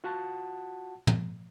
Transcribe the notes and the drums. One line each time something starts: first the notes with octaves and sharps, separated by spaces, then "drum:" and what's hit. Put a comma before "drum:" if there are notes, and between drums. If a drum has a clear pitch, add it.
F4 F#4 F#5 A5
drum: tom